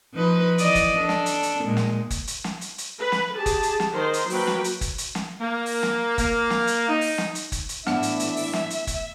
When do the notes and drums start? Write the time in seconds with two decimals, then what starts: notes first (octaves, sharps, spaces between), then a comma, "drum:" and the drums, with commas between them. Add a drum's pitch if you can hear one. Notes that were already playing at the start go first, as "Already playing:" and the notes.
0.14 F3 D#4 B4
0.58 E3 D5 D#5, drum: hi-hat
0.75 drum: kick, hi-hat
0.98 D4 A4
1.09 drum: snare
1.26 drum: hi-hat
1.43 drum: hi-hat
1.64 A#2 G#3
1.77 drum: snare
2.10 drum: kick, hi-hat
2.27 drum: hi-hat
2.44 drum: snare
2.61 drum: hi-hat
2.78 drum: hi-hat
2.99 B4
3.12 drum: snare
3.35 G4 G#4 A5
3.46 drum: kick, hi-hat
3.63 drum: hi-hat
3.80 drum: snare
3.92 D#3 C5
4.13 drum: hi-hat
4.30 F#3 A#3 F#4 B4 G5, drum: open hi-hat
4.47 drum: snare
4.64 drum: hi-hat
4.81 drum: kick, hi-hat
4.98 drum: hi-hat
5.15 drum: snare
5.41 A#3
5.66 drum: open hi-hat
5.83 drum: snare
6.18 A#3, drum: kick, hi-hat
6.50 drum: snare
6.67 drum: hi-hat
6.88 D#4
7.01 drum: open hi-hat
7.18 drum: snare
7.35 drum: hi-hat
7.52 drum: kick, hi-hat
7.69 drum: hi-hat
7.87 A2 E3 B3 D4 E5 F#5, drum: snare
8.03 drum: hi-hat
8.20 drum: hi-hat
8.36 drum: open hi-hat
8.53 drum: snare
8.70 drum: hi-hat
8.87 drum: kick, hi-hat